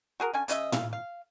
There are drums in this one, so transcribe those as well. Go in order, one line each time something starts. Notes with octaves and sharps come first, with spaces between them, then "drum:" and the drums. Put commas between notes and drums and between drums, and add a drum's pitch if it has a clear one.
F#4 G#4 A#4
D3 C#4 G#5
C#3 C#4 D#5 E5, drum: hi-hat
E5 F5, drum: tom A2
F5